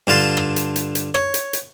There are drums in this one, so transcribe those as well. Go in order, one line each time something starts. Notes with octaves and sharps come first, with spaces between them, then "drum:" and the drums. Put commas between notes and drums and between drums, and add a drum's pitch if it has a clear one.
G2 D3 F4 A5 C6
drum: rim click
drum: hi-hat
drum: hi-hat
drum: hi-hat
C#5, drum: rim click
drum: hi-hat
drum: hi-hat